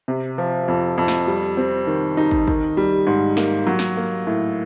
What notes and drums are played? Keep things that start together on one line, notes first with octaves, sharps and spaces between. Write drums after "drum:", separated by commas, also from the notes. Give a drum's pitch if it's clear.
C3
F3
F2
F2
drum: snare
G3
C4
D#3
D#4
drum: kick
D#3, drum: kick
G3
G#2
A#3, drum: snare
F#3
drum: snare
A#3
A2